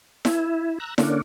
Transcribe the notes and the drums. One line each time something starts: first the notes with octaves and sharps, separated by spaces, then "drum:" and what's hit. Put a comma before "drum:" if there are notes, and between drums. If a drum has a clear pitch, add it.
E4, drum: snare E4
A#5 E6 F#6
D3 A#3 C#4 D4, drum: snare E4